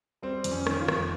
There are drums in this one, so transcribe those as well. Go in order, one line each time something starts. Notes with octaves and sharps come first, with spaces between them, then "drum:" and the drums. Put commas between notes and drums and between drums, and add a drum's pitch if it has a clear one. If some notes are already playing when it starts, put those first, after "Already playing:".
G3 C4
F2, drum: hi-hat
C#4
D#3, drum: rim click
F4
F2, drum: rim click